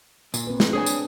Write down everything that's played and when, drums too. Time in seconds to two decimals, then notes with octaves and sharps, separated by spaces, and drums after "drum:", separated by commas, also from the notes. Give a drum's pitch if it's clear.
0.34 A#2, drum: tambourine
0.47 C4 B4
0.60 drum: snare
0.73 D4 G#4 C#5 G#5
0.86 drum: tambourine